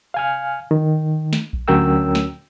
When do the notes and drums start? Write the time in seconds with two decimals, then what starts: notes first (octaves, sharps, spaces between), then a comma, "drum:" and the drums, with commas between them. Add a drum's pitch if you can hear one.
0.14 F5 G#5 F6
0.71 D#3
1.33 drum: snare
1.53 drum: kick A#1
1.68 D2 F#3 C#4 A#4 G5 E6
2.15 drum: snare